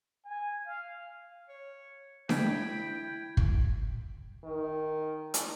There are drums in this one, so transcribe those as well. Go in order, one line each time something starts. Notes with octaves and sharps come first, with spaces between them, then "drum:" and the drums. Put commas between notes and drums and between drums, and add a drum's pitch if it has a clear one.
G#5
F5
C#5
E4 G5 B5 G#6 D7, drum: snare D4
drum: kick
D#3
drum: hi-hat